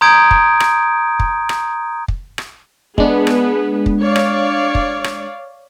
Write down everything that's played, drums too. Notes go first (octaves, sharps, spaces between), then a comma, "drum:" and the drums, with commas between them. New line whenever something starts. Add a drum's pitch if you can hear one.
A#5 C6 D#6 G6 G#6 D7
drum: kick
drum: rim click
drum: kick
drum: rim click
drum: kick
drum: rim click
G#3 B3 D4 G#4 B4, drum: kick
drum: rim click
drum: kick
C#5 D5 F5
drum: rim click
drum: kick
drum: rim click